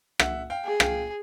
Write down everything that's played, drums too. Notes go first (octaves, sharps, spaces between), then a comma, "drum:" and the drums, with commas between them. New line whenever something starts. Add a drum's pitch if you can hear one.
E5 F#5, drum: rim click
F5 G5
G#4
F5 G5, drum: rim click